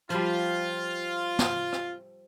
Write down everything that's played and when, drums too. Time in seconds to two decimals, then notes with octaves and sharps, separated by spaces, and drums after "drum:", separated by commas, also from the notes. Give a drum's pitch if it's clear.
0.10 F3 G3 F4, drum: hi-hat
1.39 drum: snare
1.73 drum: rim click